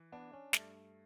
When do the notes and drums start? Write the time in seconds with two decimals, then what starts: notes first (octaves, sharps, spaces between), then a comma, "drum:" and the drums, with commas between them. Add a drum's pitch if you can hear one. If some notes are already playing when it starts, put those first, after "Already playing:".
Already playing: E3
0.12 B3 D4
0.33 C#4
0.53 G2 A3, drum: snare